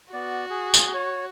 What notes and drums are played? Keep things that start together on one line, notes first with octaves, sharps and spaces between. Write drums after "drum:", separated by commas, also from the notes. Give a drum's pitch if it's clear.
B3 F#4 D5
G#4
drum: tambourine
C#5